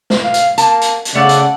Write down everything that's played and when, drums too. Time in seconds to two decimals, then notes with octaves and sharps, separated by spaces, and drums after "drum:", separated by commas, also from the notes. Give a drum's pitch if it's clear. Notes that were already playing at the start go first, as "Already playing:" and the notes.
0.10 drum: snare
0.24 F5
0.34 drum: hi-hat
0.58 A#3 A5, drum: hi-hat
0.81 drum: hi-hat
1.05 drum: hi-hat
1.15 C#3 A3 D5 F#5
1.29 drum: hi-hat